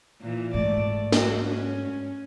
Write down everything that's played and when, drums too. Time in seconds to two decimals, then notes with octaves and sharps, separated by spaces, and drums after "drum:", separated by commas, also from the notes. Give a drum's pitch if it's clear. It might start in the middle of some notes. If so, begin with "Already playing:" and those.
0.21 A#2 E3
0.54 G#2 A3 D5
1.12 F#4, drum: snare
1.47 C#4